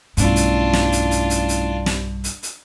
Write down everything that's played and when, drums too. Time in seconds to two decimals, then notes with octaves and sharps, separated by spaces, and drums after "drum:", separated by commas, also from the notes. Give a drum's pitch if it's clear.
0.17 B1 G2 A3 C#4 D4 E4 F4, drum: hi-hat
0.36 drum: hi-hat
0.73 drum: snare
0.92 drum: hi-hat
1.11 drum: hi-hat
1.30 drum: hi-hat
1.49 drum: hi-hat
1.86 drum: snare
2.24 drum: hi-hat
2.43 drum: hi-hat